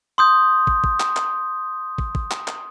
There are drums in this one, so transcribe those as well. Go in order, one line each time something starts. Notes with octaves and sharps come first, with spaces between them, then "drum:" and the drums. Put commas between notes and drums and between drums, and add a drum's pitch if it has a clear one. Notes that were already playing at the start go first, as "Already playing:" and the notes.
C6 D#6 G6
drum: kick
drum: kick
drum: clap
drum: clap
drum: kick
drum: kick
drum: clap
drum: clap